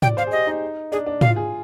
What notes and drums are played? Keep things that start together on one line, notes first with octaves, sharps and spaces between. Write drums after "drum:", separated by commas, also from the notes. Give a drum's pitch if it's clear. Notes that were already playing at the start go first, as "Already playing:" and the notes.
D5 G5, drum: tom
C5 F5
G#4
G4 D#5
D#4
D4 G#4
D4
F4 F5, drum: tom
G#4